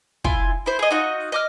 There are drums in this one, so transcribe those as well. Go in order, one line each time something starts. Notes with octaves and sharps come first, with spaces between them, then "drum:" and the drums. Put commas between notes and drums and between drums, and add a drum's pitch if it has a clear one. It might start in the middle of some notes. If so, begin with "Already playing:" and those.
E4 F4 G#5, drum: kick
E4 C5
G#4 D#5
D#4 F4 F#4 D#5
D#5 D6 F6